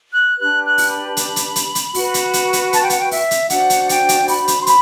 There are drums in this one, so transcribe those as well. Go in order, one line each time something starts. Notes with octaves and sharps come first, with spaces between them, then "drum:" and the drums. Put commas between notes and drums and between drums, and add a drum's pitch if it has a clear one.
F#6
D4 G4 B4 F#6
F#6
drum: open hi-hat
B5
drum: hi-hat
drum: hi-hat
drum: hi-hat
drum: hi-hat
F#4 B4, drum: open hi-hat
drum: hi-hat
drum: hi-hat
drum: hi-hat
A5, drum: hi-hat
G5
F#5, drum: hi-hat
G5
E5, drum: open hi-hat
drum: hi-hat
D4 F#4 C5 F#5, drum: hi-hat
drum: hi-hat
G5, drum: hi-hat
drum: hi-hat
B5, drum: open hi-hat
drum: hi-hat
C6
B5, drum: hi-hat